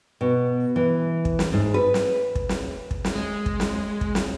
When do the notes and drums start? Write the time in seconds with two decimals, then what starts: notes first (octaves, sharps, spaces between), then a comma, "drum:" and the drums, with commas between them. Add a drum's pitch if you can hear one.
0.21 B2
0.76 E3
1.25 drum: kick
1.39 drum: snare
1.53 G#2
1.74 B4
1.94 drum: snare
2.36 drum: kick
2.49 drum: snare
2.91 drum: kick
3.05 drum: snare
3.15 G#3
3.46 drum: kick
3.60 drum: snare
4.01 drum: kick
4.15 drum: snare